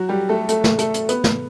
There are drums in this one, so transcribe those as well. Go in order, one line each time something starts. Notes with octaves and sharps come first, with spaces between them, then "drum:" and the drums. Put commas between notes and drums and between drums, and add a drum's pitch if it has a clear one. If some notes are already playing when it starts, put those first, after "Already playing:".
Already playing: F#3 F#4
G3 G4
A3 A4
A3 A4, drum: hi-hat
drum: snare
A3 A4, drum: hi-hat
drum: hi-hat
B3 B4, drum: hi-hat
drum: snare